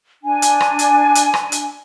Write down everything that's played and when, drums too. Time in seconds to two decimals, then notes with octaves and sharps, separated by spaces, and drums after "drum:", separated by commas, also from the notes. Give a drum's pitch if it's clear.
0.24 D4 G#5
0.42 drum: hi-hat
0.60 drum: rim click
0.79 drum: hi-hat
1.15 drum: hi-hat
1.34 drum: rim click
1.52 drum: hi-hat